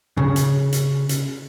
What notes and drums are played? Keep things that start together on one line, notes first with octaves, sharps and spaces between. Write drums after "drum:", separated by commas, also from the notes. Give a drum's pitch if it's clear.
C#3
drum: hi-hat
drum: hi-hat
drum: hi-hat